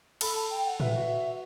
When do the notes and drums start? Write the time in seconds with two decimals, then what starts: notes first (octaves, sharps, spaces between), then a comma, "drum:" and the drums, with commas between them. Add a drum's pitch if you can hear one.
0.21 A4 B5, drum: cymbal
0.36 A5
0.50 G5
0.66 F#5
0.80 B4 E5, drum: tom A2
0.95 F#4